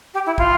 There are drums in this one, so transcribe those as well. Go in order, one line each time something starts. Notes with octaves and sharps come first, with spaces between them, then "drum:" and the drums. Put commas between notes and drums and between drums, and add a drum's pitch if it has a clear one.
G4
E4
F4, drum: kick